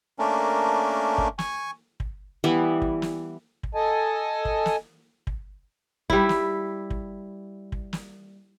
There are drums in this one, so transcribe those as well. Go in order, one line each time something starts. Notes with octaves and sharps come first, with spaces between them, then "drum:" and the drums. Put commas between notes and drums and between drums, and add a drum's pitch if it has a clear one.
A3 A#3 C#4 D4 A#4
drum: kick
G#5 C#6, drum: snare
drum: kick
E3 G3 B3 E4
drum: kick
drum: snare
drum: kick
A4 D#5 G#5 A5
drum: kick
drum: snare
drum: kick
G3 E4, drum: kick
drum: snare
drum: kick
drum: kick
drum: snare